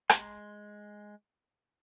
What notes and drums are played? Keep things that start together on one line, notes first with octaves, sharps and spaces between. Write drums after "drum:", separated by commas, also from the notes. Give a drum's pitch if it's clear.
G#3 C6, drum: rim click